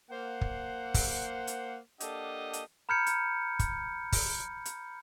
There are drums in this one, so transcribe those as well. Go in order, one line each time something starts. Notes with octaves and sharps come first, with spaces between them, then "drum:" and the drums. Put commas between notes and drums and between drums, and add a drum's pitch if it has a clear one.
A#3 C5 F#5
drum: kick
drum: kick, open hi-hat
drum: hi-hat
A#3 D4 G4 A4 D#5 F#5, drum: hi-hat
drum: hi-hat
A#5 B5 F6 G6 G#6 C#7
drum: hi-hat
drum: kick, hi-hat
drum: kick, open hi-hat
drum: hi-hat